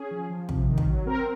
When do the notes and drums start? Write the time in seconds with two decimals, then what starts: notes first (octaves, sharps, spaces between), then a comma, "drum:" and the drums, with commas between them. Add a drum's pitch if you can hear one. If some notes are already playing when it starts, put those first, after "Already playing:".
Already playing: C#4 G#4
0.11 F3
0.30 F3
0.49 C3, drum: kick
0.68 D#3
0.78 drum: kick
0.87 F#3
1.06 C4 A#4